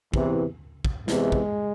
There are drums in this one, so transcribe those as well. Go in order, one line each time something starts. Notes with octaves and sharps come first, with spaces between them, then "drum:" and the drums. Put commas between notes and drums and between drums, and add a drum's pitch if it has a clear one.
E2 C3 E3, drum: kick
drum: kick
E2 C3 E3 G#3, drum: snare
drum: kick